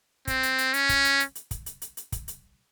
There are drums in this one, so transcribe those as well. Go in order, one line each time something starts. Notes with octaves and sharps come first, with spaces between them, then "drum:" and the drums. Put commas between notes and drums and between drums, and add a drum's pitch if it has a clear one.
C4, drum: kick, hi-hat
drum: hi-hat
drum: hi-hat
C#4, drum: hi-hat
drum: kick, hi-hat
drum: hi-hat
drum: hi-hat
drum: hi-hat
drum: kick, hi-hat
drum: hi-hat
drum: hi-hat
drum: hi-hat
drum: kick, hi-hat
drum: hi-hat